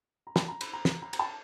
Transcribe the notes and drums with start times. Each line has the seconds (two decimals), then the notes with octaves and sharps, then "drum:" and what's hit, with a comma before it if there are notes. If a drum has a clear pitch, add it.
0.27 A#5
0.36 A5, drum: snare
0.48 A#5
0.61 B5, drum: cymbal
0.73 A#5
0.85 A#5, drum: snare
1.02 A#5
1.13 A#5, drum: cymbal
1.19 A5